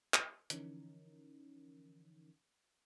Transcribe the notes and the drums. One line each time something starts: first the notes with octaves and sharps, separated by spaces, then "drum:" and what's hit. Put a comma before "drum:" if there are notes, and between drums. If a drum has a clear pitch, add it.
drum: clap
D3 E3 F3 C#4 D#4 A#4, drum: hi-hat